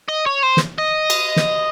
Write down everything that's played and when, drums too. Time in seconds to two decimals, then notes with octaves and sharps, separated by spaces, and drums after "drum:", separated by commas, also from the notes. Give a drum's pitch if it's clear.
0.08 D#5
0.26 C#5
0.43 C5
0.57 drum: snare
0.78 D#5
1.10 drum: cymbal
1.36 drum: snare